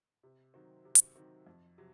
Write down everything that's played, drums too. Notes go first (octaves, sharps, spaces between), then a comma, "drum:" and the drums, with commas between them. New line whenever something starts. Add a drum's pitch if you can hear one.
C3
D#3 F#3 C4
C3
drum: hi-hat
D#3 F#3 C4
F2
C3 F#3